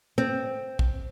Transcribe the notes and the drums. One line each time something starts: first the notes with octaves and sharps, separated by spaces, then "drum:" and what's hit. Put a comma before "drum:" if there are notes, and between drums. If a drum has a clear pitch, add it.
C4
drum: kick